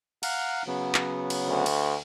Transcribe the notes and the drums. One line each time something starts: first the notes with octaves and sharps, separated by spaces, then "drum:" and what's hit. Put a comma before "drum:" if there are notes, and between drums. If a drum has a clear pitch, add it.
F5 F#5 A#5, drum: cymbal
C#3 F#3 B3
drum: clap
drum: cymbal
D2
drum: cymbal